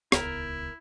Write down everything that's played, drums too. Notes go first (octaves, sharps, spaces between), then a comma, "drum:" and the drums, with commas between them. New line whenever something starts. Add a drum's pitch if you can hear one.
D#1 C#2 B3 E4 A#4, drum: rim click